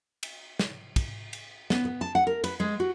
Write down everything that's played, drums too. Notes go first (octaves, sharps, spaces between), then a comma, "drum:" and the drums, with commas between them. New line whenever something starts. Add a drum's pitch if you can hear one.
drum: cymbal
drum: snare
drum: kick, cymbal
drum: cymbal
B3, drum: snare
B3
A5
F#5
A#4
B4, drum: cymbal
G#3
F#4